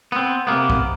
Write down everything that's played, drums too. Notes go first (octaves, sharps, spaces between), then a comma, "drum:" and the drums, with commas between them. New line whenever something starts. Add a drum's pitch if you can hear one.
B3 C4
C3 A#3 B3
drum: kick